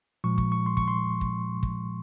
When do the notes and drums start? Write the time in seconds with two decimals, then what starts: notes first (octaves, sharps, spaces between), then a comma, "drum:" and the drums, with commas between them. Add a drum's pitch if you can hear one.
0.24 A#2 F3 G#3 C#6
0.38 C#6, drum: kick
0.52 C#6
0.66 C6
0.77 C#6, drum: kick
0.88 C6
1.21 drum: kick
1.63 drum: kick